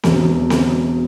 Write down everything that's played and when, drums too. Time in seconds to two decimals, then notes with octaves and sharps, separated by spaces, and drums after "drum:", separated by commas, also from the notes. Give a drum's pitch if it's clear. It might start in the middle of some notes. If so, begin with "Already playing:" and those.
0.04 E1 E2 B2, drum: snare C4
0.50 drum: snare C4